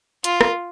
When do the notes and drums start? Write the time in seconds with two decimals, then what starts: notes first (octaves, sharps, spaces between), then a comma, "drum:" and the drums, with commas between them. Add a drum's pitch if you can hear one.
0.24 F4, drum: hi-hat
0.41 drum: rim click